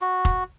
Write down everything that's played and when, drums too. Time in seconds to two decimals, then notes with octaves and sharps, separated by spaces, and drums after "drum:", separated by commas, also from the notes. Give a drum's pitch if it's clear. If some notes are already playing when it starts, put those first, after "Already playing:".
0.01 F#4
0.25 drum: kick F1